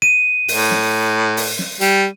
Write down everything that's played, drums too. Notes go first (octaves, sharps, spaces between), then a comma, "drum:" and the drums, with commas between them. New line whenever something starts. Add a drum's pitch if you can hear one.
D#7
A2, drum: open hi-hat
drum: snare
drum: open hi-hat
drum: snare
G3, drum: hi-hat